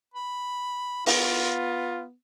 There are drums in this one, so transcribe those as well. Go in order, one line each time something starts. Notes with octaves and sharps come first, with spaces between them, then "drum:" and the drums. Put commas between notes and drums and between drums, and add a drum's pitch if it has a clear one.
B5
B3 F4, drum: open hi-hat